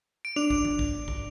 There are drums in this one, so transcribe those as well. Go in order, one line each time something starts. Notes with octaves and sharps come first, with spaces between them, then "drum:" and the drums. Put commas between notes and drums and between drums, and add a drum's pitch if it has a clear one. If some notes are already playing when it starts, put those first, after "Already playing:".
D7
D4 F7
drum: kick
drum: tom D#3
drum: kick
drum: kick